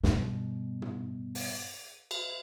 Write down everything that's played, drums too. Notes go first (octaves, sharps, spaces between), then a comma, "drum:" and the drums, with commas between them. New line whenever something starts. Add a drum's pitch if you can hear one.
G2 B2, drum: snare
drum: tom
drum: open hi-hat
drum: cymbal